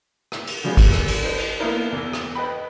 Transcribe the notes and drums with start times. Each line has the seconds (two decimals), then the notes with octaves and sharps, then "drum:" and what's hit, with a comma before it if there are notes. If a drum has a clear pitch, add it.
0.32 drum: rim click
0.47 drum: cymbal
0.64 D3 F3 G3 G#3 B3 C#4
0.77 drum: kick G#1, cymbal
0.92 drum: rim click
1.08 drum: cymbal
1.23 D4 B4 C5 D#5
1.38 drum: cymbal
1.60 A#3 B3 D#4 E4 A#4 D5
1.92 E2 E6
2.13 drum: rim click
2.36 B4 D#5 G5 B5